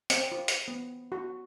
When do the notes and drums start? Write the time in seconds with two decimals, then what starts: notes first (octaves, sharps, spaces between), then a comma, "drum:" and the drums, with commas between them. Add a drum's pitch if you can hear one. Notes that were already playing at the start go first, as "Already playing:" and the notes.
0.10 C4, drum: hi-hat
0.32 F4
0.48 drum: hi-hat
0.68 B3
1.12 F#4